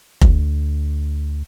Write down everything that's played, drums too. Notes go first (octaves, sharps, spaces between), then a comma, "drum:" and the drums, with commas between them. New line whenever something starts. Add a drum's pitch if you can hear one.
D2, drum: kick F1